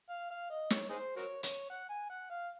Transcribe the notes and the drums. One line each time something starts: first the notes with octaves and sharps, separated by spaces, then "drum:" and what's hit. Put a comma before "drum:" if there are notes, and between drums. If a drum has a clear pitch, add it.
F5
F5
D#5
C#5, drum: snare
D#4 G#4 C5
F#4 A#4 C#5
C#5, drum: hi-hat
F#5
G#5
F#5
F5